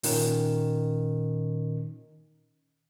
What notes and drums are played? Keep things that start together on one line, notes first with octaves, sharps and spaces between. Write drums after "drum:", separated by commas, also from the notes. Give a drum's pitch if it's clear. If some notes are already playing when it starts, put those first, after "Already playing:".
A#2 D#3 C#4, drum: open hi-hat